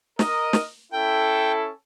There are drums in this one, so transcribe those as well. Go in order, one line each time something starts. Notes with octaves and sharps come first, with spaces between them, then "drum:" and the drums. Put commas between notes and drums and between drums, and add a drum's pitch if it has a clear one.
A#4 D#5, drum: snare
drum: snare
C#4 E4 A4 G5